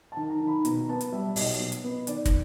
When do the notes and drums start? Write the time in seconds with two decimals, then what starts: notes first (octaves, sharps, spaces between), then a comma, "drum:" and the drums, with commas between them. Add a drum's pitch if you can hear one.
0.12 D#3 A5
0.30 A#5
0.41 D#3
0.47 B5
0.65 B2 A#5, drum: hi-hat
0.89 B3 A5
1.01 drum: hi-hat
1.12 G3 E5
1.36 B1 D#5, drum: open hi-hat
1.60 B2
1.72 drum: hi-hat
1.84 B3
2.07 D#3 D5, drum: hi-hat
2.25 drum: kick, hi-hat